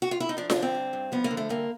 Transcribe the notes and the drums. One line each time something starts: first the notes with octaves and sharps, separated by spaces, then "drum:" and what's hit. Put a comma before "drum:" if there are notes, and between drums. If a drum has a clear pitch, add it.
F#4
F4
E4
D#4
F3 D4
D4, drum: snare F4
D3
C4
G2
G2
F3 B3
A#3
D3
A3
G2 A#3